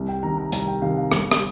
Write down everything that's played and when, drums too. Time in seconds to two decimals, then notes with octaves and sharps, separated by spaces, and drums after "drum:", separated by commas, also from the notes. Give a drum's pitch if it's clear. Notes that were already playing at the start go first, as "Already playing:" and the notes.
Already playing: C2
0.09 G5
0.23 C3 D#3 A#5
0.38 A#5
0.52 C2 A#5, drum: hi-hat
0.68 G5
0.82 C3 D#3 F5
0.98 F5
1.11 G1, drum: rim click
1.31 drum: rim click